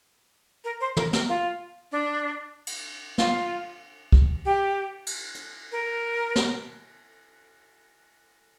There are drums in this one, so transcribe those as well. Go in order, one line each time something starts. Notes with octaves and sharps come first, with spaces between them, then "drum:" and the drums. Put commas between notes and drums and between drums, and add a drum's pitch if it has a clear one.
A#4
C5
A#4, drum: tom
A#4, drum: snare
F4
D4
drum: cymbal
F4, drum: snare
drum: kick
G4
drum: cymbal
drum: hi-hat
A#4
drum: snare